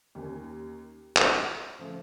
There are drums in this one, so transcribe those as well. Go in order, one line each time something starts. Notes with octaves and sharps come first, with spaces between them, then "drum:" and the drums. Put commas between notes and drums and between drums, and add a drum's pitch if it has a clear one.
D#2 D#3 A#3 C#4
drum: clap
C#3 F3 A3